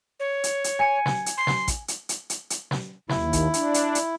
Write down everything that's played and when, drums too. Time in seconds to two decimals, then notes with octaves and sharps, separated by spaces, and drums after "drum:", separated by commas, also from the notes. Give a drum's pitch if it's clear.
0.20 C#5
0.44 drum: hi-hat
0.64 drum: hi-hat
0.79 G#5 C#7 D#7
1.06 drum: snare
1.26 drum: hi-hat
1.37 C6
1.47 drum: snare
1.68 drum: kick A1, hi-hat
1.88 drum: hi-hat
2.09 drum: hi-hat
2.30 drum: hi-hat
2.50 drum: hi-hat
2.71 drum: snare
3.09 D#2 E4, drum: snare
3.33 drum: kick A1, hi-hat
3.54 D4, drum: hi-hat
3.74 drum: hi-hat
3.95 drum: hi-hat